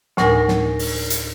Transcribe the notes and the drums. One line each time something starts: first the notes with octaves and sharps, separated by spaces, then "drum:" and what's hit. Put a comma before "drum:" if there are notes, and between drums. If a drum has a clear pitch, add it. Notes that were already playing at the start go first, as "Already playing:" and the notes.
D2 A2 D#4 A#4 G#5 A#6, drum: snare
drum: snare
drum: open hi-hat
drum: hi-hat